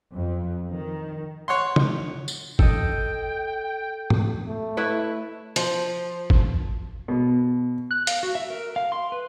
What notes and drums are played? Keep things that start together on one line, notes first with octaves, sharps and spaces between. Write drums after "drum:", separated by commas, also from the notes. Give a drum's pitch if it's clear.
F2
D#3
C#5 F#5 C6
drum: tom
drum: tambourine
A4 D#5 G5, drum: kick
drum: tom
A3
E4 B4 C#5
F3, drum: hi-hat
drum: kick
B2
F#6
F5, drum: hi-hat
F#4
E5
A#4
F5
C6
B4